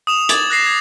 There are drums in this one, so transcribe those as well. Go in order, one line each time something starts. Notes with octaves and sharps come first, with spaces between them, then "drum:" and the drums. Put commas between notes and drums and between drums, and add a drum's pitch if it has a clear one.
D#6 E7 F7
D6 G#6 A6 F#7, drum: hi-hat
F#6 A#6 C7 E7
G#6